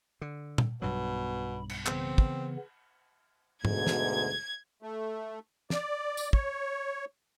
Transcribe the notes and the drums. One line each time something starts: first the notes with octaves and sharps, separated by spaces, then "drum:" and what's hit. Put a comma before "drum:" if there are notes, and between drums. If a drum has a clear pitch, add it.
D3
drum: tom
B1 G2 B2 F#3 B5
drum: cymbal
C#3 E3 B3 C4, drum: clap
drum: kick
D2 G#2 B2 G#6, drum: tom
drum: snare
A3
D5, drum: snare
drum: tambourine
C#5, drum: kick